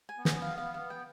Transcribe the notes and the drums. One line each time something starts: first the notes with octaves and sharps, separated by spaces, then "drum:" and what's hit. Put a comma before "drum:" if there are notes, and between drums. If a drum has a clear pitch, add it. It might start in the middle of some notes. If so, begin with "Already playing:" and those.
G#5
B3
G#5, drum: snare
F5
F5
F5
G5